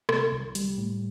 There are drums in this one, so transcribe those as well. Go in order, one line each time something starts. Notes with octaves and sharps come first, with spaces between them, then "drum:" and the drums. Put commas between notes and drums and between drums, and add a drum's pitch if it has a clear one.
C3, drum: rim click
C2
G3, drum: hi-hat
A2